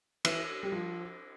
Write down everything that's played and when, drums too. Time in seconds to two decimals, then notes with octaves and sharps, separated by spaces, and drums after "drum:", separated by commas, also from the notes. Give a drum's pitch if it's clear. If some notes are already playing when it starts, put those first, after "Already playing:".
0.25 E3, drum: cymbal
0.63 G3
0.72 F3